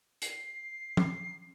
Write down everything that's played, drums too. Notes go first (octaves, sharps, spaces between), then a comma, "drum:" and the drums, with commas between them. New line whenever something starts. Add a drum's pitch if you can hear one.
C7, drum: hi-hat
drum: tom